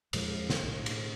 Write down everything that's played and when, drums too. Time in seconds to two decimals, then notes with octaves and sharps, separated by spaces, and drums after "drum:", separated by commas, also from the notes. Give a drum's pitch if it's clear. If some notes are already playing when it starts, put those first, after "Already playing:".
0.13 E2 A#2 F3 G#3, drum: cymbal
0.50 drum: snare
0.63 B1 A2
0.86 drum: cymbal